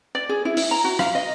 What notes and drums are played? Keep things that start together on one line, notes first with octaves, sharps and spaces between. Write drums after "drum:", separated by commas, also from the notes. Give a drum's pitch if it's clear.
D5
G#4
E4
E4, drum: open hi-hat
A#5
F#4
F5, drum: rim click
D#5